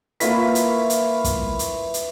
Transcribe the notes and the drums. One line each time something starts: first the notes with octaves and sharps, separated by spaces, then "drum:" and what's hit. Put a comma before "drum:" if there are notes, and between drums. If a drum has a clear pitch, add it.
A#3 E4 F4 B4 C#5 B6, drum: hi-hat
drum: hi-hat
drum: hi-hat
drum: kick, hi-hat
drum: hi-hat
drum: hi-hat